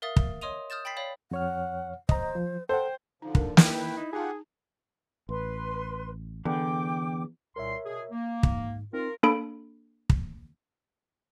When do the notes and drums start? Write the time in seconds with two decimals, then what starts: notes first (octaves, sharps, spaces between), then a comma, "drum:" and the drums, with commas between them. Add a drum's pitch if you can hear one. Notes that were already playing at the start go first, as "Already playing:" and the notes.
0.02 A#4 E5 F5 D#6 A6
0.16 drum: kick
0.41 C#5 D#5 C6 D#6 D#7 F7
0.70 D#6 F6 G6 A6 E7
0.85 G5 B5 A6 B6 C7
0.97 C#5 D5 F5 B5
1.31 F2 C#5 F#5 F6
2.09 C5 D#5 A#5, drum: kick
2.35 F3
2.69 A4 C5 F#5 G5
3.22 D3 F3 D#4
3.35 D4 A#4, drum: kick
3.57 D#3 E4 B4 G5, drum: snare
3.97 D#4
4.13 D#4 F4 G4 G#4 F#5 A5
5.29 A1 B4 C6
6.45 E2 D3 G5 D6
7.56 C2 A#2 A#4 C#5 E5 C6
7.85 B2 G#4
8.11 A#3
8.43 G#2, drum: kick
8.93 C4 D#4 F4 A#4
9.23 A#3 D4 A4 B5 D7
10.09 drum: kick